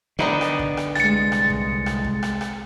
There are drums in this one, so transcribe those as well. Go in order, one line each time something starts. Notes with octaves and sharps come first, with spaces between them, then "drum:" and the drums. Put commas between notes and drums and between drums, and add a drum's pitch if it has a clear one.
D3 D#3 B3 D#4
drum: rim click
drum: kick
drum: rim click
C2 G#3 A6 C#7, drum: rim click
drum: rim click
drum: kick
drum: rim click
drum: kick
drum: rim click
drum: rim click